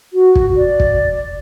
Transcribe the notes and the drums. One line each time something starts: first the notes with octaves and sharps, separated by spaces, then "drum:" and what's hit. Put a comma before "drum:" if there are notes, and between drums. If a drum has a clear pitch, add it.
F#4
drum: kick
D5
drum: kick